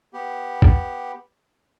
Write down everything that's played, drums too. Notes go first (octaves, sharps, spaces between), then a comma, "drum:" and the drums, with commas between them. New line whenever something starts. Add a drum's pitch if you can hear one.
B3 G4
drum: kick